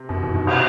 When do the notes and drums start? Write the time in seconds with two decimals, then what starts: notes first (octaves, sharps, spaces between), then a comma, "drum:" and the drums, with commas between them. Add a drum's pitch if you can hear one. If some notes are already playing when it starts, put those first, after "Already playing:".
Already playing: C3
0.09 F#2 B2
0.22 F#2 E3
0.34 G2 D#3
0.47 C3, drum: cymbal